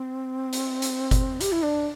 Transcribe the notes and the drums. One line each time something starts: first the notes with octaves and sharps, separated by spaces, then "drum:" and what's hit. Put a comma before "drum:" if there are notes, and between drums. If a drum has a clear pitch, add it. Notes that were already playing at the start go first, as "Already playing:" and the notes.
Already playing: C4
drum: hi-hat
drum: hi-hat
drum: kick F#1, hi-hat
G4, drum: hi-hat
E4
D4